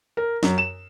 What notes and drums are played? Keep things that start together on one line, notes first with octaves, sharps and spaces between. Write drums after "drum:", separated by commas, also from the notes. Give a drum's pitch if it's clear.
A#4
F#2, drum: snare
E7